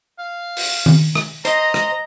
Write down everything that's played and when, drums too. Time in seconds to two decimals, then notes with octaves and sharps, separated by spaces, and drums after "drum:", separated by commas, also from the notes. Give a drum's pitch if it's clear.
0.19 F5
0.57 drum: open hi-hat
0.86 drum: tom D#3
1.15 drum: rim click
1.45 C5 D#5 A#5, drum: hi-hat
1.74 drum: rim click